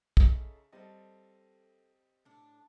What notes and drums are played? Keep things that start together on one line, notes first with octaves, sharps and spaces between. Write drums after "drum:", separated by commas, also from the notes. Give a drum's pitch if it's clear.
C#3 D#4 F4 G#4 A4 E5, drum: kick
G3 C4 A4 D#5 A5
A2 D4